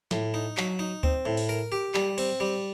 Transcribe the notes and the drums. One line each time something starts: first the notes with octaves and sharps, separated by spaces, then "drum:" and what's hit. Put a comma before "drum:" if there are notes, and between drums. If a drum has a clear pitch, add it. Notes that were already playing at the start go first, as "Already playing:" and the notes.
A2, drum: snare
D#4
F#3, drum: clap
D#4
C4, drum: kick D2
A2
drum: open hi-hat
A#4
G4
G3, drum: clap
C4, drum: cymbal
G3